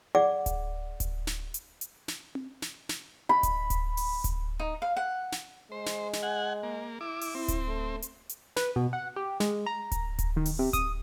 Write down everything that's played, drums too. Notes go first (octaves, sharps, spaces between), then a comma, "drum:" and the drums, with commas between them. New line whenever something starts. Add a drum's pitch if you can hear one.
G#4 D5 F#5 D6
drum: kick D1, hi-hat
drum: kick D1, hi-hat
drum: snare
drum: hi-hat
drum: hi-hat
drum: snare
drum: tom C4
drum: snare
drum: snare
B5
drum: kick D1, hi-hat
drum: kick D1, hi-hat
drum: open hi-hat
drum: kick D1, hi-hat
D#4
F5
F#5
drum: snare
G#3 C5
drum: snare
drum: snare
F#5 G#5
A#3
E4 D6
drum: open hi-hat
C4 E4
drum: kick D1, hi-hat
A3
drum: hi-hat
drum: hi-hat
B4, drum: snare
B2
F#5
G4
G#3, drum: snare
A#5
drum: kick D1, hi-hat
drum: kick D1, hi-hat
D#3
drum: open hi-hat
C3
D#6, drum: kick D1, hi-hat